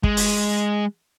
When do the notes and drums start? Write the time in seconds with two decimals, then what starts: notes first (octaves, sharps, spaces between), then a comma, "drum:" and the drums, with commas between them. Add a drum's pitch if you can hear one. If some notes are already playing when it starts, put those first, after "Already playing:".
0.03 G#3, drum: kick
0.17 drum: open hi-hat